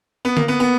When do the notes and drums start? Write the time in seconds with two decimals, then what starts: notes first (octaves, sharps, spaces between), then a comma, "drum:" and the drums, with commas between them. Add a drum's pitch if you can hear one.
0.25 B3
0.37 A#3, drum: tom D3
0.48 B3
0.60 B3